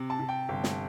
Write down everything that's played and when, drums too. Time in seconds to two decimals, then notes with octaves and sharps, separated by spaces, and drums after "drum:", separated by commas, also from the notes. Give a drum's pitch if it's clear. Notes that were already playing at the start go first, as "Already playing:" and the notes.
Already playing: C3
0.10 A5
0.19 C3
0.29 G5
0.49 G1
0.64 drum: snare